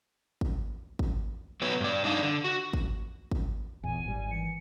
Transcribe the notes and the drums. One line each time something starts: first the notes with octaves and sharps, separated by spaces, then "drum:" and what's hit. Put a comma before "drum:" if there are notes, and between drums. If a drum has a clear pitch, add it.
drum: kick
drum: kick
F#3 A3 B3 B4 C#5
G2 D5
D4 D#4 D5 F5
D3
F#4
drum: kick
drum: kick
A1 E2 A#2 G#5
G#1 G3
E3 C#7